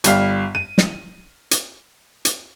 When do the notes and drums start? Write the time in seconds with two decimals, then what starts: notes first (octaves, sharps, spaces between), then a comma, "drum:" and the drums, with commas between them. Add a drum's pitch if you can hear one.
0.04 G1 G3 F5, drum: hi-hat
0.55 D#7
0.78 drum: snare
1.51 drum: hi-hat
2.25 drum: hi-hat